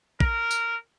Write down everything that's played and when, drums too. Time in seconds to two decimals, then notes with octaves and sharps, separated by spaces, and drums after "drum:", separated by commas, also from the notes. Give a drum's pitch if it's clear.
0.20 A#4, drum: kick
0.51 drum: tambourine